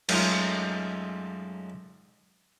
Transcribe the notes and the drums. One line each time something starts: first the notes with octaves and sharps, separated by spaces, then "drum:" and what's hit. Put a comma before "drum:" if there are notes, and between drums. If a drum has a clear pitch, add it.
F#2 G#3 A3 D#4 F4, drum: cymbal